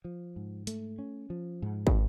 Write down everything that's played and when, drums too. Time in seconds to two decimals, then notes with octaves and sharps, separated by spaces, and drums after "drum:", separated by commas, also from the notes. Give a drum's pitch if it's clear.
0.05 F3
0.36 G#2
0.67 A3, drum: hi-hat
0.99 C#4
1.30 F3
1.62 G#2
1.87 drum: kick